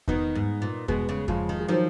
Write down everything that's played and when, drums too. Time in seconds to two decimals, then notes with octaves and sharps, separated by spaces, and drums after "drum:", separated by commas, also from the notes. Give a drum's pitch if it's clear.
0.08 D#3 B3 D#4, drum: kick E2
0.35 G#2
0.62 A#2
0.88 B2 G#3 B3, drum: kick E2
1.09 C#3
1.28 C#3 F3 G#3, drum: kick E2
1.49 D#3
1.60 G#3
1.68 D#3 F3 F#3